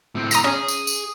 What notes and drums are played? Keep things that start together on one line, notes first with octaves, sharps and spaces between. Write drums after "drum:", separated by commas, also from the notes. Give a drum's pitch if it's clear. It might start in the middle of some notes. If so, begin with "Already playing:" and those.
A2 C4
A#5 D#6 A#6, drum: tambourine
C#4 G#4
drum: tambourine
drum: tambourine